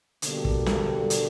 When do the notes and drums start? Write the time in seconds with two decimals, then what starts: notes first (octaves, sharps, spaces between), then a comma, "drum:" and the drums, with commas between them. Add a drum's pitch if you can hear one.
0.22 B2 D3 G3 A#3 D4 G4, drum: hi-hat
0.45 drum: kick
0.66 drum: snare
1.10 drum: hi-hat